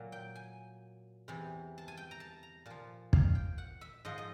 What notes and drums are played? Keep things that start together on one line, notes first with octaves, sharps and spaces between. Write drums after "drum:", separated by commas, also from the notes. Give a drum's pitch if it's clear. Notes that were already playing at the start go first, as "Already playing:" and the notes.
Already playing: A#2 F#3
G5
G#5
E2 C3 E3
A5
G#5
G5
A#5
A5
A#5
A#2 F3 A5
F5, drum: kick
G5
F#5
E5
G#2 F3 D#5
D#5